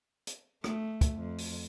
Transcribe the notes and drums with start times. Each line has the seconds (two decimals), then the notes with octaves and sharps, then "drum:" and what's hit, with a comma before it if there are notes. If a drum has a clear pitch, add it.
0.27 drum: hi-hat
0.64 A3, drum: rim click
1.01 drum: kick, hi-hat
1.16 F2
1.38 drum: open hi-hat